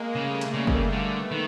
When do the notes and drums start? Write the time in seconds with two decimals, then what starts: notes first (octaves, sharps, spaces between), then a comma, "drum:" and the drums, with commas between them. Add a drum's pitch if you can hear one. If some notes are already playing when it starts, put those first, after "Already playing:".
Already playing: G#3 A#3
0.15 C#3 G3 A3
0.41 drum: hi-hat
0.54 C#3 G#3 A#3
0.67 drum: kick
0.93 D3 A3 B3
1.31 D#3